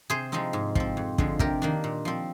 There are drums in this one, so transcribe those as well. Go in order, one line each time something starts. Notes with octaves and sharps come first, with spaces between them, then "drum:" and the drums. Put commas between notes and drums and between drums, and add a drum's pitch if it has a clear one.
C3 G#4 C5
F3 G#3 C4 D#4
G#2
F3 C4, drum: kick
F2
D3 F3 G#3, drum: kick
C3 G4 A#4, drum: kick
D#3 A#3 D4
A#2
F3 C4